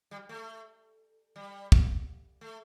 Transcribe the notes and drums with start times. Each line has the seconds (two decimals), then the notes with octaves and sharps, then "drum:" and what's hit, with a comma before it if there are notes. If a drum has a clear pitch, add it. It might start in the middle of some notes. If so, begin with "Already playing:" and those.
0.11 G3
0.29 A3
1.36 G3
1.72 drum: kick
2.41 A3